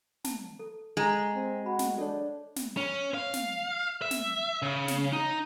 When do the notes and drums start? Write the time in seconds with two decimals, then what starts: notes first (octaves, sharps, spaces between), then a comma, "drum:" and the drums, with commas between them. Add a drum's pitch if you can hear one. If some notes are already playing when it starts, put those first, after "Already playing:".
0.24 A5, drum: snare
0.59 A4
0.97 G#3 A4 G#5 A#5
1.34 C4
1.66 F#4 B5
1.79 drum: snare
1.98 D4 A4 C#5
2.56 drum: snare
2.77 C#4
3.14 F5
3.34 drum: snare
4.02 E5
4.11 drum: snare
4.62 C#3
4.88 drum: snare
5.13 D#4